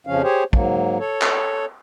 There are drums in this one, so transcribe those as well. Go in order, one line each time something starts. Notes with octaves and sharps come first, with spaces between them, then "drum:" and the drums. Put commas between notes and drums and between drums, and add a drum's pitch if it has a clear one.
F2 C#3 F3 C#4 F5
G4 G#4 C5 C#5
G#2 F#3 A#3, drum: kick
A4 C#5
drum: clap